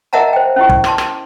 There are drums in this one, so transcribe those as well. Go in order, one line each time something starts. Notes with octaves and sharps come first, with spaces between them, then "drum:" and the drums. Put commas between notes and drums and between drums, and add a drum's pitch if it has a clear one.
A#4 D#5 E5 F#5 A5 A#5
C5 G5
C#4 E4 G4
drum: kick
A5 C6 D6, drum: rim click
drum: rim click